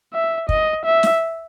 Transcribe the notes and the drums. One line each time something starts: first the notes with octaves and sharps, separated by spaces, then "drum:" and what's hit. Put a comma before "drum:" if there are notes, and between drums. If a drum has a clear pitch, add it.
E5
D#5, drum: kick
E5
drum: snare